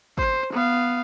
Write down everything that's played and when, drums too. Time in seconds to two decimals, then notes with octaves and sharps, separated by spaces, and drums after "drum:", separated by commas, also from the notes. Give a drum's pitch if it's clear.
0.18 C5, drum: kick
0.53 B3 F5